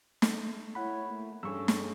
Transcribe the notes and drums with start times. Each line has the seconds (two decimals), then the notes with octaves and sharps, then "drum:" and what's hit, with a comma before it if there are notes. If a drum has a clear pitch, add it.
0.22 A3, drum: snare
0.75 E4 C#5 F#5 B5
1.09 A3 A#3
1.43 G2 C#4 G#4 A4 C#6 E6
1.68 drum: snare